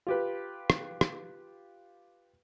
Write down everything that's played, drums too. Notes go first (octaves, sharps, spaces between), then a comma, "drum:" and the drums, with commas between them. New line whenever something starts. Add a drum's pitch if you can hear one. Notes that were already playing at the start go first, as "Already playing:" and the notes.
F4 G4 B4
drum: rim click
drum: rim click